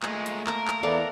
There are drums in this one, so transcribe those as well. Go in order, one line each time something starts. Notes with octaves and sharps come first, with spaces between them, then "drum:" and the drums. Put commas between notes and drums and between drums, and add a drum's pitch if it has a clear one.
A#2 G#3 A3, drum: clap
drum: hi-hat
A#3 A#4 A5, drum: clap
drum: clap
E2 E3 A4 D5 F5 F#5